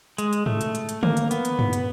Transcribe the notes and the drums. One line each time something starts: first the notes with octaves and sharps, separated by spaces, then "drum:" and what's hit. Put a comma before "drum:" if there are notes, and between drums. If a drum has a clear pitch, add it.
G#3, drum: hi-hat
drum: hi-hat
A3, drum: tom G#2
drum: hi-hat
drum: hi-hat
drum: hi-hat
A#3, drum: tom D3
drum: hi-hat
B3, drum: hi-hat
drum: hi-hat
drum: tom G2
drum: hi-hat